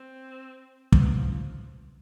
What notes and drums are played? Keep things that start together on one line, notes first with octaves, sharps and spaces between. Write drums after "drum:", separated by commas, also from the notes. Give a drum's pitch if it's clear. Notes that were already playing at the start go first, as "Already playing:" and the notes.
Already playing: C4
C4, drum: kick
B3
F3
F3